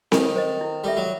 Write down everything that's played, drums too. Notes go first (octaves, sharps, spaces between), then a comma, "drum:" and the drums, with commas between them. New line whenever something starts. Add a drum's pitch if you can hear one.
D#3 A4, drum: snare C4
C5 D#5
E4
G3 A4 E5
F#3